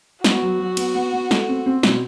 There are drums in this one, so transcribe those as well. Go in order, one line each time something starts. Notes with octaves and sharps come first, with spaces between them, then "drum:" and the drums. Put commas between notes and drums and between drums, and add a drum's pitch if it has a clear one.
B3 F#4, drum: snare
F#3
F#3
B3, drum: cymbal
B3
B3
A3, drum: snare
C4
C4
B2, drum: snare